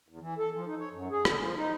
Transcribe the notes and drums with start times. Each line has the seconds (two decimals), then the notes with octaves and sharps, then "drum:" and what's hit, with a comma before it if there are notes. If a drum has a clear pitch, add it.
0.09 E2
0.21 E3
0.38 A4
0.54 F3
0.67 D#4
0.79 C#5
0.92 F#2
1.11 G#4
1.25 D3, drum: rim click
1.39 F3
1.56 D#4